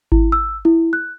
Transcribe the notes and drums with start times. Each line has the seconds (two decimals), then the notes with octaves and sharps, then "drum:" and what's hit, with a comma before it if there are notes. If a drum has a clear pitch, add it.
0.12 E4, drum: kick G#1
0.32 E6
0.65 E4
0.93 F#6